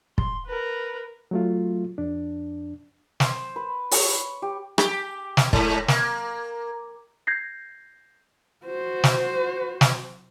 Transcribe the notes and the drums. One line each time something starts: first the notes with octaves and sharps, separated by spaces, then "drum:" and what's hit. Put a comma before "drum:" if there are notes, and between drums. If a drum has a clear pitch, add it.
C6, drum: kick
A#4 B4
F#3 A3 F4
F2 D4
C5, drum: snare
B4
C#5, drum: open hi-hat
G4
G4, drum: rim click
drum: snare
G#2, drum: kick
A#3, drum: snare
G6 G#6 A#6 C7
F#4 C5
drum: snare
drum: snare